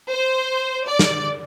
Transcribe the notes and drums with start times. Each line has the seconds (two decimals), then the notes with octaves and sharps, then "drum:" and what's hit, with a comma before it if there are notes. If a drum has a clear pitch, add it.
0.11 C5
0.87 D5
0.99 drum: snare